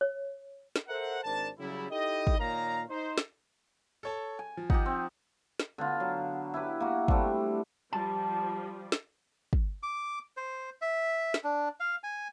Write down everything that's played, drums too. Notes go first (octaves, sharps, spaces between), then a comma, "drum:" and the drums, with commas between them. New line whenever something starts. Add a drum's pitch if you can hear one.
C#5
drum: snare
A4 A#4 C5 E5 F#5
G#1 D4 A#4 C5 A5
C#3 F#3 G3 E4
D#4 E4 G4 A4 D#5
drum: kick
A#2 D#3 A#3 C#5 F5 A#5
D#4 C5
drum: snare
A4 C#5 A5
G#5
F3
F3 D#4 G4 F#5, drum: kick
C4
drum: snare
D3 B3 F4
F#3
E4 G4 B4
A#3 F#4
G3 A3 C4 D4, drum: kick
F3 G3 A5
drum: snare
drum: kick
D6
C5
E5
drum: snare
D4
F5
G#5